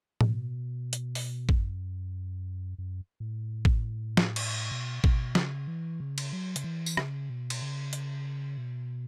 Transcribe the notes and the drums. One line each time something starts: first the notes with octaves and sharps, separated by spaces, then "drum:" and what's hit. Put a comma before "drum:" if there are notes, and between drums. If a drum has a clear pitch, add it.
B2, drum: tom A2
drum: hi-hat
drum: open hi-hat
F#2, drum: kick
F#2
A2
drum: kick
drum: snare
drum: cymbal
B2
B2, drum: kick
C#3, drum: snare
E3
C#3
drum: cymbal
F#3
C#3, drum: hi-hat
E3
drum: tambourine
C#3, drum: rim click
B2
drum: cymbal
C#3
drum: hi-hat
B2